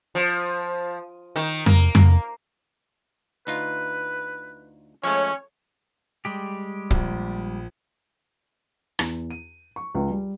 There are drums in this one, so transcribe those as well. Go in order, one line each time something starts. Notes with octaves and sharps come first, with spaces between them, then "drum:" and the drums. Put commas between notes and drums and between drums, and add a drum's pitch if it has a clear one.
F3
D#3, drum: hi-hat
A#3, drum: tom F2
drum: tom F2
D2 D#4 F4 B4
F3 G#3 A3 C#4 C#5
G3 G#3 G4
A#1, drum: kick
E2, drum: rim click
D#7
C#6
C#2
G3